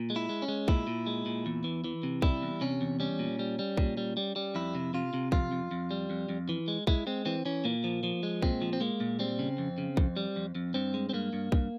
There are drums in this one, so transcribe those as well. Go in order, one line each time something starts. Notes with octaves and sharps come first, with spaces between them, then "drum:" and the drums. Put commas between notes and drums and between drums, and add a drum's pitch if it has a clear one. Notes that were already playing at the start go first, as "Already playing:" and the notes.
Already playing: A#2
G#3
E4
G#3
C#4
G#3
A#2 E4, drum: kick B1
A#2
G#3
A#2
E2
E3
E3
C3
G3 E4, drum: kick B1
E2
C3 C#4
E2
G3 C#4
A#2
G3
G3
A#2, drum: kick B1
G3
G3
G3
F2 E4
C3
C3 F4
C3
F2 F4, drum: kick B1
F2
F2
G3
F2
F2
E3
G#3
G#3 E4, drum: kick B1
G#3 C4
E3 C4
E3 C#4
A#2 A#3
F3
F3
G#3
A#2 C4, drum: kick B1
F3
C4
G#3 A#3
A#2
G3 C4
C#3
F2
C#3
F2, drum: kick B1
G3
F2
F2
G2 C4
G#3
C4
G2 A#3
G2
G2, drum: kick B1